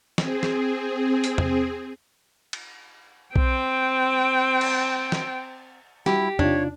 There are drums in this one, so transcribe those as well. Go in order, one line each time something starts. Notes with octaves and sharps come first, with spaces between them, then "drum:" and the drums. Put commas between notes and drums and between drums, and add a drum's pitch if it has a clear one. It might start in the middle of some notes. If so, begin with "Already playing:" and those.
C4 G#4, drum: snare
drum: snare
drum: hi-hat
drum: tom E2
drum: cymbal
C4 G5, drum: kick B1
drum: cymbal
drum: snare
G3 E4 F#4 G4, drum: snare
C3 D4 D#4 F4 C#5, drum: tom E2